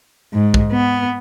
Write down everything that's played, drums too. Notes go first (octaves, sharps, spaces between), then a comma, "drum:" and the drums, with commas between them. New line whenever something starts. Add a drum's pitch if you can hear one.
G#2
drum: kick
B3